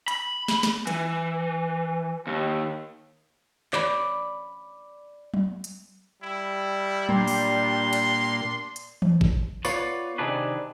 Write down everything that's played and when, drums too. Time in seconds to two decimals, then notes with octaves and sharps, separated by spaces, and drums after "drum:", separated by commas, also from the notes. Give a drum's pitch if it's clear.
0.08 B5, drum: hi-hat
0.48 drum: snare
0.63 drum: snare
0.87 E3, drum: hi-hat
2.27 D#2
3.73 D5 B5, drum: clap
5.34 drum: tom F#3
5.64 drum: hi-hat
6.23 G3 E4
7.09 A#2 A#3 D4 C6, drum: tom F#3
7.28 drum: open hi-hat
7.93 drum: cymbal
8.76 drum: hi-hat
9.02 drum: tom E3
9.21 drum: kick G#1
9.65 B3 F4 B4 C#5 D5, drum: tambourine
10.18 C3 D#3 C4 D4 G#4 B4